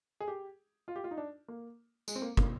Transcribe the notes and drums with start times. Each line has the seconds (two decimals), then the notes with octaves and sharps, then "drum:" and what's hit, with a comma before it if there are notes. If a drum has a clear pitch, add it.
0.21 G#4
0.28 G4
0.88 F4
0.96 G4
1.04 F4
1.11 D#4
1.17 D4
1.48 A#3
2.08 G#3, drum: tambourine
2.16 C4
2.22 A#3
2.37 A#3, drum: kick